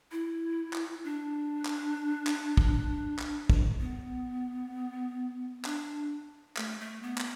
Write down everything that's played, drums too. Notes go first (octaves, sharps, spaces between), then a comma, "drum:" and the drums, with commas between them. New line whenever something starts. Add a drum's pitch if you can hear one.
E4
drum: clap
D4
drum: clap
drum: clap
drum: kick
drum: clap
drum: kick
B3
D4, drum: clap
A3, drum: clap
A3
B3
drum: clap